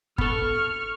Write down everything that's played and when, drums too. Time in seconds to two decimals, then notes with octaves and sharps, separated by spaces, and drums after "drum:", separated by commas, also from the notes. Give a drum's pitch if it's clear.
0.18 B3 A4 C#6 F6, drum: kick G1